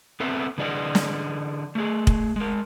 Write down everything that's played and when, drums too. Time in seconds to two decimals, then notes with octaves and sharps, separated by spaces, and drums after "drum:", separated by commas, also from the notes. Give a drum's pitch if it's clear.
0.20 B3 C4 A4 B4 E5
0.58 D3 E3 G#4 D5 D#5 F#5
0.95 drum: snare
1.75 A3 G#4
2.07 drum: kick
2.36 G#3 A#4